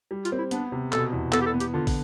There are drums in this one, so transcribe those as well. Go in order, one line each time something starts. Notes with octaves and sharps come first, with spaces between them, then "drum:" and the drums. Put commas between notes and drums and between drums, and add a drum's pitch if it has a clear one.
G3
F4, drum: hi-hat
C4
E4
B3 D4, drum: hi-hat
C3
B2 A4, drum: clap
E2
B3 A4, drum: clap
G4
A4
B3
G4, drum: hi-hat
D3 F4
drum: kick, open hi-hat